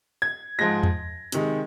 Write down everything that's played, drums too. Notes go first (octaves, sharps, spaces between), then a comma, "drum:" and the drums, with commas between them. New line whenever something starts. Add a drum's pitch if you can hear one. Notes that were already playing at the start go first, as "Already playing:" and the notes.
G#6
G#2 F3 G#3 A#6
drum: tom E2
C3 D#3 G#3, drum: hi-hat